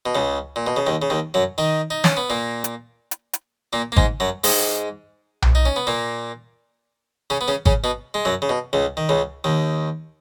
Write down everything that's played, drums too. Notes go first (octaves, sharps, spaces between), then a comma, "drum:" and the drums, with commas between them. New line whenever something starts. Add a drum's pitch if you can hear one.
B2
C#2 C#3
A#2
B2
C#3
D#2 D#3
C#3
D#2 D#3
F#2 F#3
D#3 D#4
D#4
C#4, drum: snare
B3
A#2 A#3
drum: hi-hat
drum: hi-hat
drum: hi-hat
A#2 A#3
A#3
G#2 G#3, drum: kick G#1
F#2 F#3
G#2 G#3, drum: open hi-hat
drum: tom B1
D#4
C#4
B3
A#2 A#3
C#3 C#4
B3
C#3 C#4
C#3 C#4, drum: kick G#1
B2 B3
G#3
F#2 F#3
C#3
B2
C#2 C#3
D#3
C#2 C#3
D#2 D#3